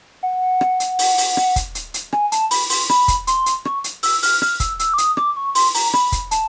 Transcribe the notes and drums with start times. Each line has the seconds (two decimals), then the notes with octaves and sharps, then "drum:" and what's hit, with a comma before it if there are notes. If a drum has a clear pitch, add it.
0.23 F#5
0.61 drum: rim click
0.80 drum: hi-hat
0.99 drum: open hi-hat
1.18 drum: open hi-hat
1.37 drum: rim click
1.56 drum: kick, hi-hat
1.75 drum: hi-hat
1.94 drum: hi-hat
2.13 G#5, drum: rim click
2.32 A5, drum: hi-hat
2.51 B5, drum: open hi-hat
2.70 C6, drum: open hi-hat
2.89 B5, drum: rim click
3.08 drum: kick, hi-hat
3.27 C6, drum: hi-hat
3.46 drum: hi-hat
3.65 C#6, drum: rim click
3.84 drum: hi-hat
4.03 E6, drum: open hi-hat
4.23 F6, drum: open hi-hat
4.42 F6, drum: rim click
4.60 E6, drum: kick, hi-hat
4.79 E6, drum: hi-hat
4.94 D6
4.98 D#6, drum: hi-hat
5.17 D6, drum: rim click
5.36 C#6
5.55 C6, drum: open hi-hat
5.75 A#5, drum: open hi-hat
5.93 B5, drum: rim click
6.12 drum: kick, hi-hat
6.31 A5, drum: hi-hat